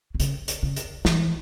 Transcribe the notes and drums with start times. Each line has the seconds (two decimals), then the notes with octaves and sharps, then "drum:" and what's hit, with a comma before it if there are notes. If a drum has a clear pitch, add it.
0.15 B2
0.20 C#3, drum: hi-hat
0.48 drum: hi-hat
0.63 C#3
0.76 drum: hi-hat
1.05 E3, drum: snare